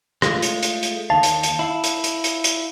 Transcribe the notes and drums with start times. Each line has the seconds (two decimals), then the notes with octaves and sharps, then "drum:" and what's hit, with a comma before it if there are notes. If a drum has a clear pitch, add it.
0.22 G#3 A3 F4, drum: rim click
0.42 drum: hi-hat
0.63 drum: hi-hat
0.83 drum: hi-hat
1.10 D#2 D#3 F5 A5
1.23 drum: hi-hat
1.43 drum: hi-hat
1.59 E4 F5
1.84 drum: hi-hat
2.04 drum: hi-hat
2.24 drum: hi-hat
2.44 drum: hi-hat